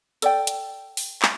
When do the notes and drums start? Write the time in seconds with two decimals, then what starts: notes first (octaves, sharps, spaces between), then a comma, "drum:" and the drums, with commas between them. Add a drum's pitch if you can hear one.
0.22 A4 D5 G5, drum: hi-hat
0.47 drum: hi-hat
0.97 drum: open hi-hat
1.22 drum: clap